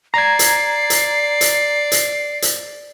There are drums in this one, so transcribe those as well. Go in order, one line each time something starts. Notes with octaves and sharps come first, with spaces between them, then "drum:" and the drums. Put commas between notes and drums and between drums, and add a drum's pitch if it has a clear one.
D5 A#5 G#6 C7
drum: hi-hat
drum: hi-hat
drum: hi-hat
drum: hi-hat
drum: hi-hat